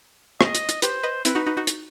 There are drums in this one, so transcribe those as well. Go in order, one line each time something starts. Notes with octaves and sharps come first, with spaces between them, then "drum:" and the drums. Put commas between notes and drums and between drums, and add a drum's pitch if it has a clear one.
D#5, drum: rim click
drum: hi-hat
drum: hi-hat
G4 B4 C5, drum: hi-hat
B4 D#5
C4 E4 B4, drum: hi-hat
D#4 F#4
D#4 F#4
D#4 F#4
drum: hi-hat